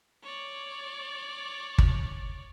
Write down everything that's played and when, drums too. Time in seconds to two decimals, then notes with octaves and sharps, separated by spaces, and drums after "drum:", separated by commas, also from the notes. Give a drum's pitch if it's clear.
0.23 C#5 D5
1.78 drum: kick G1